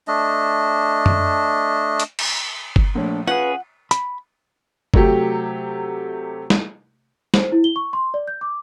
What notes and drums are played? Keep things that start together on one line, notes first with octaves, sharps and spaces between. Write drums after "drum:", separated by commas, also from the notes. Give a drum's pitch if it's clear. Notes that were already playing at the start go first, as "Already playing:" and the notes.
A3 D4 D#5
drum: tom F#2
drum: hi-hat
drum: cymbal
drum: kick G1
A#1 A3 D4 C#5
C#4 F4 G#4 B4 F#5
B5, drum: hi-hat
C3 F#3 A3 G4, drum: kick G1
drum: snare
C5, drum: snare
E4
G7
C#6
C6
D5
G6
D6